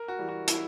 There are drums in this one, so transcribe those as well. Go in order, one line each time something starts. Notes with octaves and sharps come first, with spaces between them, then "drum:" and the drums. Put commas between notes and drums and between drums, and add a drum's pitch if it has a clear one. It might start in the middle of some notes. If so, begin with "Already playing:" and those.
Already playing: A#4
F#4
E3 G3
F#4
E4, drum: hi-hat